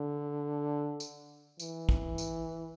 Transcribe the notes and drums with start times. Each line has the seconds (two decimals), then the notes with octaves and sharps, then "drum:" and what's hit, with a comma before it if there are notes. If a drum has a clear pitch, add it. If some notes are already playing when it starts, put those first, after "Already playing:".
Already playing: D3
1.00 drum: tambourine
1.60 E3, drum: tambourine
1.89 drum: kick
2.18 drum: tambourine